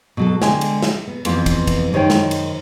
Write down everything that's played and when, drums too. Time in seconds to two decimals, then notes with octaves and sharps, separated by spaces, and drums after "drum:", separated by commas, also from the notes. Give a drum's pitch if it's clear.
0.17 B2 F#3 A4
0.42 D3 G#3 G5 G#5, drum: snare
0.61 drum: cymbal
0.83 drum: snare
1.08 B3
1.25 F2 E3 F3 B3, drum: cymbal
1.46 drum: kick, cymbal
1.67 drum: kick, cymbal
1.93 F#2 D#3 C5 C#5 G5
2.10 drum: snare
2.31 drum: cymbal